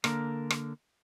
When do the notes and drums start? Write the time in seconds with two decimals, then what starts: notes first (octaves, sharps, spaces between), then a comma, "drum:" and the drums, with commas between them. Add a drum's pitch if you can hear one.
0.04 D3 A#3 A#4, drum: rim click
0.50 drum: rim click